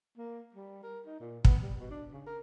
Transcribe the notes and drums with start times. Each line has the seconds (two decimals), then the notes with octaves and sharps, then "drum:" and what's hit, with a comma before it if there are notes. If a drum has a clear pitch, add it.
0.18 A#3
0.55 G3
0.83 A#4
1.06 D#4
1.20 A#2
1.45 B3, drum: kick
1.62 G3
1.80 B2
1.91 D4
2.12 C#3
2.26 A#4